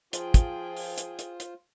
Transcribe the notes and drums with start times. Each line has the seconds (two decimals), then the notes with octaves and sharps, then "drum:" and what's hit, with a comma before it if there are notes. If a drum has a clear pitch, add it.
0.13 F3 F4 G#4 C5 G5, drum: hi-hat
0.34 drum: kick, hi-hat
0.76 drum: open hi-hat
0.98 drum: hi-hat
1.19 drum: hi-hat
1.40 drum: hi-hat